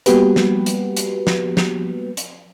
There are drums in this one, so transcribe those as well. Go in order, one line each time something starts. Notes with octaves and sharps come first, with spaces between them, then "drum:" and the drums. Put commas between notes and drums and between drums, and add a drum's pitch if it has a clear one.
G3 A#3 B3 F#4 G4 B4, drum: hi-hat
drum: snare
drum: hi-hat
drum: hi-hat
drum: snare
drum: snare
drum: hi-hat